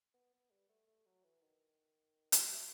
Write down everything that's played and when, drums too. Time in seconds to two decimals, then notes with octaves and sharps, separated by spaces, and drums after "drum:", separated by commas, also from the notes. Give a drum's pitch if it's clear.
0.14 B3
0.33 B3
0.51 G3
0.69 A3
0.87 A3
1.06 F#3
1.23 E3
1.42 D#3
2.32 C3, drum: hi-hat
2.56 D#3